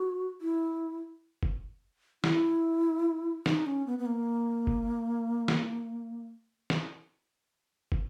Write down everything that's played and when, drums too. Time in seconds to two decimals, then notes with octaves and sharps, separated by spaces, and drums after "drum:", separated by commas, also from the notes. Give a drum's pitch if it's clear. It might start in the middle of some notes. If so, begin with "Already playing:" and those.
Already playing: F#4
0.41 E4
1.43 drum: kick
2.24 E4, drum: snare
3.46 D#4, drum: snare
3.66 C#4
3.87 B3
3.99 B3
4.06 A#3
4.67 drum: kick
5.48 drum: snare
6.70 drum: snare
7.92 drum: kick